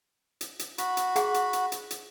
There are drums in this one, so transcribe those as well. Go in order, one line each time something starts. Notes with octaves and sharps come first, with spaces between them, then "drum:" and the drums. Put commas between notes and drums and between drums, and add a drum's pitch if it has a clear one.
drum: hi-hat
drum: hi-hat
F#4 B5, drum: hi-hat
drum: hi-hat
G#4 F#5, drum: hi-hat
drum: hi-hat
drum: hi-hat
drum: hi-hat
drum: hi-hat